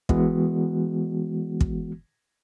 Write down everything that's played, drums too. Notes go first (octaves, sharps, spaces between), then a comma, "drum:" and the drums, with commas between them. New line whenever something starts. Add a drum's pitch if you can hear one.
E3 G#3 B3 F#4, drum: kick
drum: kick